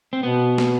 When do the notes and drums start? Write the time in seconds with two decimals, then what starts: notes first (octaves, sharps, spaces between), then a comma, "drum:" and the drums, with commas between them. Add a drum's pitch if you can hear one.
0.13 C4
0.23 B2 B3
0.58 drum: snare